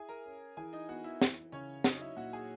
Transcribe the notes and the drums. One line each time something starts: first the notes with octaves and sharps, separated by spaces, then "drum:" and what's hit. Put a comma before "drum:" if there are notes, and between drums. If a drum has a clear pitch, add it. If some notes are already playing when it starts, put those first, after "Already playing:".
Already playing: E4 G#4 G#5
A#4 A#5
C#4
E3 G#4 G#5
D#4 D#5
B3 F#4 F#5
E4 E5
E3, drum: snare
C#3 C#4 C#5
F#3 D#4 D#5, drum: snare
E4 E5
A#2 F#4 F#5
G#4 G#5